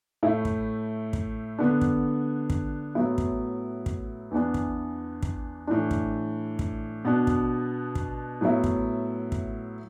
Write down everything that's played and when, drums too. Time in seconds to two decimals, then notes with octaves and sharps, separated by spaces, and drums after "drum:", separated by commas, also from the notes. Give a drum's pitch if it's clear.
0.23 A2 A3 E4
0.45 drum: kick
1.13 drum: kick
1.59 D3 B3 D4
1.81 drum: kick
2.50 drum: kick
2.95 A2 F#3 B3 E4
3.18 drum: kick
3.86 drum: kick
4.31 E2 E3 B3 D4
4.54 drum: kick
5.23 drum: kick
5.67 A2 E3 D4
5.91 drum: kick
6.59 drum: kick
7.05 B2 B3 D4
7.27 drum: kick
7.95 drum: kick
8.41 A2 F#3 B3 E4
8.64 drum: kick
9.32 drum: kick